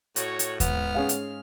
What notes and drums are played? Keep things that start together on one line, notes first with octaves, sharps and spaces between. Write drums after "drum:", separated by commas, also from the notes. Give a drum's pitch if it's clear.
A2 F#4 C#5, drum: hi-hat
drum: hi-hat
G#2 B3 F6, drum: kick D#2, hi-hat
C#4 G#4 F5
drum: hi-hat